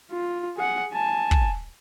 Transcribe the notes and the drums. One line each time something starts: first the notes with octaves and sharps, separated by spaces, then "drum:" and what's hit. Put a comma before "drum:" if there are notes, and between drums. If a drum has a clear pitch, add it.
F4
G#4 F#5
G#5 A5
drum: kick